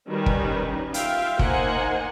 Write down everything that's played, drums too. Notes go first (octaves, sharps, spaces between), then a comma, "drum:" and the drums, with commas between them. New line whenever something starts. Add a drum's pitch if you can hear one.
D#3 G3 C#4 B4
drum: kick
F4 E5 F5 G5, drum: hi-hat
A#3 D#4 C5 F#5 G#5, drum: kick